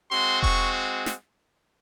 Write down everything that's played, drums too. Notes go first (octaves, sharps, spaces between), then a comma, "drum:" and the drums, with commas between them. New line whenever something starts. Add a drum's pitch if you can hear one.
G#3 C4 F#4 C6
C#6, drum: kick E1
drum: snare